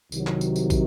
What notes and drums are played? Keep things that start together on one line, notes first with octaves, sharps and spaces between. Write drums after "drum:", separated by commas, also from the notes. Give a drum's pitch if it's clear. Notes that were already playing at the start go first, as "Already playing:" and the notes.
C2 C3 D#3 F#3, drum: tambourine
drum: clap
drum: tambourine
drum: tambourine
drum: kick, tambourine